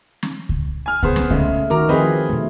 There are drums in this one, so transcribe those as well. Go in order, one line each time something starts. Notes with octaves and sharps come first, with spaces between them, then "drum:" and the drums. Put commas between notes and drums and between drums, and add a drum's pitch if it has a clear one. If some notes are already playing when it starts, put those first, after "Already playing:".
drum: snare
drum: kick C#2
G#5 F6
B3 G#4 C5, drum: kick C#2
drum: snare
C#3 G#3 A3, drum: kick C#2
D#3 F#4 A#4 A#5 D6
F3 C4 G#4 B4 D#5
B2 A3